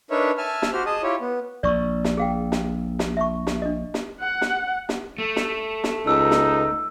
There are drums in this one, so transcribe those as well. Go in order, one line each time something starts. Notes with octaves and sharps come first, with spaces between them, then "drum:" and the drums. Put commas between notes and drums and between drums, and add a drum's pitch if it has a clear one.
D4 D#4 A#4 B4 C#5 E5
E5 G#5 A5 F6
drum: snare
F#4 G4 C5 F6
G#4 D#5 A5 D#6
E4 F4 G4 C#5
B3
A#1 D5 C#6
drum: snare
G#4 F5 G5
drum: snare
drum: snare
E5 A5 C#6
drum: snare
D4 D#5
drum: snare
F#5
drum: snare
drum: snare
A3
drum: snare
drum: snare
C#2 D#4 E6
drum: snare